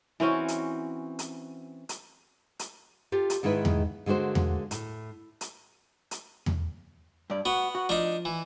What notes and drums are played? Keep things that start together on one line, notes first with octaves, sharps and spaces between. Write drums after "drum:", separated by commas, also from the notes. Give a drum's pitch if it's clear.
E3 C4 C#4 F#4
drum: hi-hat
drum: hi-hat
drum: hi-hat
drum: hi-hat
F4 G4 A4
drum: hi-hat
G#2 D#3 G#3 E4 B4
drum: tom E2
D3 G#3 A#3 F#4 C5
drum: tom E2
A2, drum: hi-hat
drum: hi-hat
drum: hi-hat
drum: tom E2
G2 D5
B3 F#4
F#4
F3 D4 D#4
E3